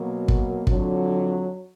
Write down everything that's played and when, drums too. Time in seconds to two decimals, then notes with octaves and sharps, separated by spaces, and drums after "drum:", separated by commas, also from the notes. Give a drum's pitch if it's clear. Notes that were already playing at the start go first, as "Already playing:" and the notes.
Already playing: B2 F#3 A#3
0.28 drum: kick
0.67 F2 D3 F#3, drum: kick